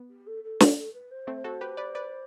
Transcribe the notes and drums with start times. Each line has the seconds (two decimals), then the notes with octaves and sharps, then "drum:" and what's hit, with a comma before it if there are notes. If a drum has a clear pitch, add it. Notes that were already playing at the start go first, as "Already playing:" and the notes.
Already playing: B3
0.10 G4
0.27 A4
0.44 A4
0.60 drum: snare
0.77 A4
0.93 B4
1.11 C5
1.27 A3 C4
1.44 F#4 A4
1.61 G4 B4
1.77 B4 D5
1.95 B4 D5